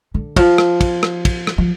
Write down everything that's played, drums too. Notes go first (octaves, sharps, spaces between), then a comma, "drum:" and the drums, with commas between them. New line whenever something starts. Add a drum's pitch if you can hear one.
D3
F3, drum: kick, cymbal
drum: rim click
drum: kick, cymbal
drum: rim click
drum: kick, cymbal
drum: rim click
F3